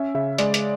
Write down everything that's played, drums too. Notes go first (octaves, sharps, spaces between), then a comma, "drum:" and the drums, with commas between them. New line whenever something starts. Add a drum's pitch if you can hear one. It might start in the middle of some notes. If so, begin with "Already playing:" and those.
Already playing: C#4 E5
C#3 E5
G#3 D5, drum: hi-hat
drum: hi-hat